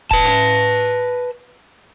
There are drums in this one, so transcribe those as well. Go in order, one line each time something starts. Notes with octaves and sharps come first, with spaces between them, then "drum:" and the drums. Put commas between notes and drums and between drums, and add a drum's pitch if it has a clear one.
B4 A5, drum: kick D#1
drum: hi-hat